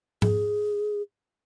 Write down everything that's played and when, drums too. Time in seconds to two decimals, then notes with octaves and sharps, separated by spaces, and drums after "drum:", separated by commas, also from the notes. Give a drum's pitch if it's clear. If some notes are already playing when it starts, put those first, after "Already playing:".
0.22 G#4, drum: tom G#2